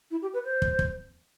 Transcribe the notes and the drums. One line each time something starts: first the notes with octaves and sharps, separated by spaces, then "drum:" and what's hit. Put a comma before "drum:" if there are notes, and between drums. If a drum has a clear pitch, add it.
E4
G4
B4
C5
drum: kick
drum: kick